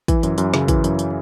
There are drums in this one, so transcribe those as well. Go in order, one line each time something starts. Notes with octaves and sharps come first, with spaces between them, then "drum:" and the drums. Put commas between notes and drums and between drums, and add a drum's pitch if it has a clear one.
E3, drum: kick, hi-hat
F#2, drum: hi-hat
F#2, drum: hi-hat
C#3, drum: snare
E3, drum: kick, hi-hat
F#2, drum: hi-hat
drum: hi-hat